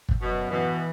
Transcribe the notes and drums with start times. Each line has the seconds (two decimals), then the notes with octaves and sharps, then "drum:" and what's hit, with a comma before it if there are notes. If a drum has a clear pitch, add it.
0.09 drum: kick
0.21 F#2 B2
0.50 B2 E3